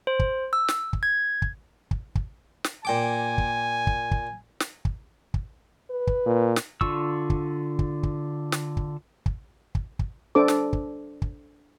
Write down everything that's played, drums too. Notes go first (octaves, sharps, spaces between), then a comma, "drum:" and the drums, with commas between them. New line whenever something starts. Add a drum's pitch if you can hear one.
C5
drum: kick
E6
drum: snare
drum: kick
G#6
drum: kick
drum: kick
drum: kick
drum: snare
A#2 G5 G#5 D6
drum: kick
drum: kick
drum: kick
drum: snare
drum: kick
drum: kick
B4
drum: kick
A#2
drum: snare
D3 F4 C#6 E6, drum: kick
drum: kick
drum: kick
drum: kick
drum: snare
drum: kick
drum: kick
drum: kick
drum: kick
D4 A4 C5 D6
drum: snare
drum: kick
drum: kick